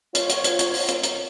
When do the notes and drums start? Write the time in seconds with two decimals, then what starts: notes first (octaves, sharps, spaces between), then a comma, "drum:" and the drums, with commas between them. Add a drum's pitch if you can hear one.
0.15 F4 C5 C#5, drum: hi-hat
0.30 drum: hi-hat
0.44 drum: hi-hat
0.59 drum: hi-hat
0.74 drum: open hi-hat
0.89 drum: hi-hat
1.03 drum: hi-hat